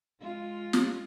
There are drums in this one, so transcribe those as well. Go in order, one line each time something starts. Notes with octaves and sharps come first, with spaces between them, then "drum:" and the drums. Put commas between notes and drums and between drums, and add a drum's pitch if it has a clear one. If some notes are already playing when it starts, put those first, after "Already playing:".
G#3 F4
drum: snare